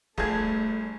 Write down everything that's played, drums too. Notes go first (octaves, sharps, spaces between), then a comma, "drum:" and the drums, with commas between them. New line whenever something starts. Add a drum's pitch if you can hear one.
G1 A3 F4 G#4 A4 A5 G#6, drum: kick